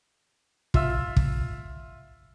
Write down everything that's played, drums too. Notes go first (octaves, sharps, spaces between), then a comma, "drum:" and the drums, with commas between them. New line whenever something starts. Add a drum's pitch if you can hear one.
F4 E5 E6, drum: kick
drum: kick